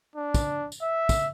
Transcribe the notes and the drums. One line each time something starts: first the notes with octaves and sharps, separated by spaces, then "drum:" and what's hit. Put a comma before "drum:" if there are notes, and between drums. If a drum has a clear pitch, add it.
D4
drum: kick, tambourine
drum: tambourine
E5
drum: kick, tambourine